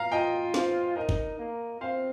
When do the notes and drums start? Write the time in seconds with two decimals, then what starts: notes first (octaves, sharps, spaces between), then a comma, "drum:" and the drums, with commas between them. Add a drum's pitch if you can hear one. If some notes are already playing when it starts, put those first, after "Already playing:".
Already playing: F5 A#5
0.12 F4 D#5 G5
0.54 C5 F5, drum: snare
0.96 D#4 A#4 D#5
1.09 drum: kick
1.39 A#3
1.80 C4 C5 F5